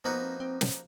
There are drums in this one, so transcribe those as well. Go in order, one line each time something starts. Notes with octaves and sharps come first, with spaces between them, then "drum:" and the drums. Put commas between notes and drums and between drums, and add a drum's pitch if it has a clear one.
F3 A#3 B3 D#4 F#4 B4
C4
C4
drum: snare